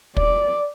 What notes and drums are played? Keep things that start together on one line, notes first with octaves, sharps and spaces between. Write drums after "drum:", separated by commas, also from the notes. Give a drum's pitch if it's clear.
D5, drum: kick